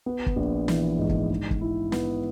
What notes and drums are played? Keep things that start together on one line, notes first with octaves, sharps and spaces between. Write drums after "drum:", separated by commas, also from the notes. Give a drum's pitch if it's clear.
B3
drum: kick
A#1
E3, drum: snare
G#2
drum: kick
G#2
drum: kick
E4
B3, drum: snare